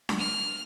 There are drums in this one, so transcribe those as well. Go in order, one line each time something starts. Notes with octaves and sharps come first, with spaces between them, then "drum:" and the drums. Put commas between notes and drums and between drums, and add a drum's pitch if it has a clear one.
drum: snare D4
F6